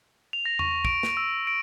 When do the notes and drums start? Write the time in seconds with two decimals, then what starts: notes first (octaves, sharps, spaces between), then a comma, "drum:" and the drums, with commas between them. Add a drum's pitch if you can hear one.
0.33 F7
0.45 A#6
0.59 C#6, drum: tom E2
0.85 D7, drum: kick
1.03 drum: snare
1.17 E6
1.47 D7